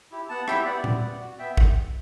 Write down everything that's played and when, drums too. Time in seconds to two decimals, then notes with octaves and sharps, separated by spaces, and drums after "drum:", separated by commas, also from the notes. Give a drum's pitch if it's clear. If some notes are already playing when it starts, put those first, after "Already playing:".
0.11 E4 G4
0.29 B3 F#5 A5
0.48 E4 G4 E5 G5, drum: rim click
0.66 B3 D5 F#5
0.84 E4 G4, drum: tom A#2
1.02 B3
1.21 F#4
1.39 B3 E5 G5
1.57 drum: kick